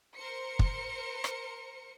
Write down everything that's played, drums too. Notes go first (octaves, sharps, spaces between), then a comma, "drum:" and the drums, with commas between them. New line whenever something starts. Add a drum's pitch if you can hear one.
A#4 C5 C#7
drum: kick
drum: rim click